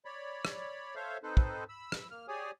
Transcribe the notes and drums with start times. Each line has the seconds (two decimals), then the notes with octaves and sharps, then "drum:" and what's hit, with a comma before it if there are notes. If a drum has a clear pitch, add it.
0.05 C#5 D5 B5
0.45 drum: rim click
0.95 A4 C5 C#5 E5 F5
1.23 C4 D#4 A4 B4 C5
1.37 drum: kick
1.69 B5 E6
1.92 drum: rim click
2.11 A#3 F6
2.28 G4 G#4 C#5 D5 G#5 D#6